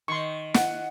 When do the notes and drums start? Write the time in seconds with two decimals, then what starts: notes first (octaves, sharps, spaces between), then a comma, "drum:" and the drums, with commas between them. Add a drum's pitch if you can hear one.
0.08 D#3 C6 C#6
0.54 F#5, drum: snare